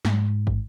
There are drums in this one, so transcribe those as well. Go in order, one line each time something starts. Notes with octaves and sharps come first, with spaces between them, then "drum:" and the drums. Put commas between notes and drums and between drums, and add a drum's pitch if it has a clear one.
G#2, drum: snare
drum: kick